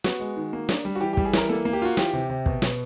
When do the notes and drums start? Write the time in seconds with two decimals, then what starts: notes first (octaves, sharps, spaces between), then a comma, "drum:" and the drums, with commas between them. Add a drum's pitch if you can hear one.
0.04 B3 F#4, drum: snare
0.20 G#3
0.36 D#3
0.53 A#3
0.69 D4, drum: snare
0.85 G3
0.95 F#4
1.00 E3 G4
1.13 G4
1.17 G3, drum: kick
1.25 G#4
1.33 E3 A#4, drum: snare
1.49 A#3 A4
1.65 A#3
1.73 G4
1.82 F4 F#4
1.97 E3 G4, drum: snare
2.13 C3
2.29 C3
2.46 B2, drum: kick
2.62 B2, drum: snare